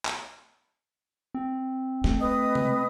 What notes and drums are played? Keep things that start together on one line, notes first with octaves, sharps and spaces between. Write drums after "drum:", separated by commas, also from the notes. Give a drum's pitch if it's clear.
drum: clap
C4
A3, drum: snare
B4 D#5 D#6
drum: tom C3